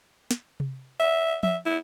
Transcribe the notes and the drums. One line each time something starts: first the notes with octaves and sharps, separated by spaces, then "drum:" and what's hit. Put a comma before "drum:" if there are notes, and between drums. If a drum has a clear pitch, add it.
drum: snare
drum: tom C3
E5
E5, drum: tom F3
E4